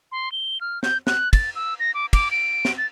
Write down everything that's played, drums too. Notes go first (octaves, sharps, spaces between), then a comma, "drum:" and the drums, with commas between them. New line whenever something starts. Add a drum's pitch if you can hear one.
C6
G7
F6
G6, drum: snare
F#6, drum: snare
A6, drum: kick, cymbal
E6
A#6
D6
D6, drum: kick, cymbal
D7
drum: snare
A6